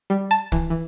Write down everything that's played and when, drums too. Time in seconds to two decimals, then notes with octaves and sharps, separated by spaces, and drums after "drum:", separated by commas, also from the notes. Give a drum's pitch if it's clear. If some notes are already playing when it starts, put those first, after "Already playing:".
0.10 G3
0.31 A5
0.52 E3, drum: kick
0.70 E3